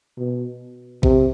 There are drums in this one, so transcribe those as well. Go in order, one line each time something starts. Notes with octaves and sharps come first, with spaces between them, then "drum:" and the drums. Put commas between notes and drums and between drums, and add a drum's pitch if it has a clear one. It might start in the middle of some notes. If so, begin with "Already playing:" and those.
B2
C3, drum: kick A#1